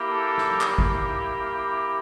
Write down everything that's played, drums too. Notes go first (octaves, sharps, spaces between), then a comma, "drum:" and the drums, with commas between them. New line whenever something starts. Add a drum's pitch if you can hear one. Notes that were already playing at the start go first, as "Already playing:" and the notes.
Already playing: A#3 E4 G4
A4
drum: snare
drum: clap
drum: kick